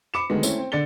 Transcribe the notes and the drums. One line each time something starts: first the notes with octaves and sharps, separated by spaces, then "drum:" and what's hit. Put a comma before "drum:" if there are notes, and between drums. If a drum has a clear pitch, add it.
B5 D6 C#7 E7
D3 D#3 F#3 G#3 A3 B3
A3 C4 C#4 E4, drum: tambourine
C4
D3 D5 A6 C#7 G7